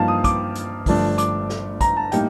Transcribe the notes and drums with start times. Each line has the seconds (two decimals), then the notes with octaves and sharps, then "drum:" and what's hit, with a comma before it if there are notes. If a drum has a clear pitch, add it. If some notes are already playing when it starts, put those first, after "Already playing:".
Already playing: G2 F3 A#3 D#4 F5 A5
0.08 D#6
0.24 D6, drum: kick, hi-hat
0.55 drum: hi-hat
0.86 G1 G2 F3 A3 D4, drum: kick, open hi-hat
1.18 D6, drum: hi-hat
1.49 drum: snare
1.81 A#5, drum: kick, hi-hat
1.97 A5
2.12 A2 G3 A#3 D#4 G5, drum: hi-hat